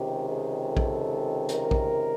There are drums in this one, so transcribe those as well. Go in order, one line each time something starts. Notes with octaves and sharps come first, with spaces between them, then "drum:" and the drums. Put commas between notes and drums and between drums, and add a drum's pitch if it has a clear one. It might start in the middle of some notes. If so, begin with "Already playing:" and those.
Already playing: C#2 C3 D#3 G4
G#4
A4
drum: kick A#1
A#4, drum: hi-hat
drum: kick A#1